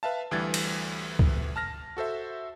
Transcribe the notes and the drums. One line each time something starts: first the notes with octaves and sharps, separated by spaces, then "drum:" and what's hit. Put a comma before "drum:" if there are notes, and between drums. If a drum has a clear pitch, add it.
B4 E5 F5 A5
D2 E3 G3 G#6 A6
drum: cymbal
drum: kick C#2
A5 F6 A#6
F#4 A4 C5 E5